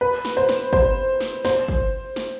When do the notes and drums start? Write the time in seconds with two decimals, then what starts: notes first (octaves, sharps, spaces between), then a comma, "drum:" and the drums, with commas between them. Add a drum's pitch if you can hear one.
0.01 B4
0.25 drum: snare
0.37 C5
0.49 drum: snare
0.73 C5, drum: kick
1.21 drum: snare
1.45 C5, drum: snare
1.68 drum: kick
2.16 drum: snare